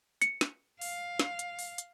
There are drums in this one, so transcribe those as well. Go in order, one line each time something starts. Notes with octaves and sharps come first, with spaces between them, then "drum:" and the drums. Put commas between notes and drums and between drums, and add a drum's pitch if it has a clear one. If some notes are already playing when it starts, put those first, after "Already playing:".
C#7, drum: hi-hat
drum: snare
F5, drum: open hi-hat
drum: snare
drum: hi-hat
drum: open hi-hat
drum: hi-hat